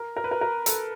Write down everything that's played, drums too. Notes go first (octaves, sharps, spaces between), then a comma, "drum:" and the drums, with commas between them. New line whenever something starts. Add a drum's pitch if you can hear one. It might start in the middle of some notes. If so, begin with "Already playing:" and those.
Already playing: A#4
A#4
B4
A#4
A#4
A4, drum: hi-hat